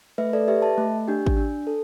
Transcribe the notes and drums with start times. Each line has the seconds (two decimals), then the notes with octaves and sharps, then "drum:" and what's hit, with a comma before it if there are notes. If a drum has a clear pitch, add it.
0.18 A3 B4 E5
0.33 A4 D5
0.48 G4 B4 E5
0.62 E5 A5
0.78 A3
1.08 D4 G4
1.27 drum: kick G#1
1.37 D4
1.67 A4